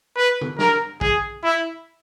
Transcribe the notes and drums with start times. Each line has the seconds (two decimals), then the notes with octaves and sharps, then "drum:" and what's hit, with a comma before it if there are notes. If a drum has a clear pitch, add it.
0.17 B4
0.41 drum: tom
0.59 A#4, drum: snare
1.01 G#4, drum: kick
1.44 E4